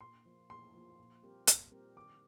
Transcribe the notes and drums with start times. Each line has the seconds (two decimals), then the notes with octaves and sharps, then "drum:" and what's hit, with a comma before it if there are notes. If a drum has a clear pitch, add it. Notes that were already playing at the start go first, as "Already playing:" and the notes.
0.01 A#2 C6
0.26 F3 A#3
0.50 A#2 C6
0.74 F3 A#3
0.99 A#2
1.23 G3 C4 G4 A#4
1.47 A#2, drum: hi-hat
1.72 G3 C4 G4 A#4
1.96 D#3 D6